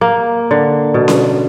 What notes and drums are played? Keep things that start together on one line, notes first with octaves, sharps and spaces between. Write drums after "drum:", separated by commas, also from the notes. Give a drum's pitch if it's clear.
A#3
D3
B2
drum: snare C#4